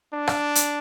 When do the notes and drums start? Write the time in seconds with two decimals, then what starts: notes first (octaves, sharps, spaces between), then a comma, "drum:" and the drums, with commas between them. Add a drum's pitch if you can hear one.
0.13 D4
0.27 drum: rim click
0.55 drum: hi-hat